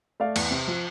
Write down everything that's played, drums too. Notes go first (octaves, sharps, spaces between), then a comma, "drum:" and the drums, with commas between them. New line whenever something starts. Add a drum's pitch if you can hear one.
A3 D5 F5
E2, drum: cymbal
C3
F3